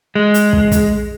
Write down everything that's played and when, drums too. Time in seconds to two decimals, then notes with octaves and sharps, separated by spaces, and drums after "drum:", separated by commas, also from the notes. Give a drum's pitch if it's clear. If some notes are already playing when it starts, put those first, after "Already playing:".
0.15 G#3
0.34 drum: hi-hat
0.53 drum: kick
0.72 drum: kick, hi-hat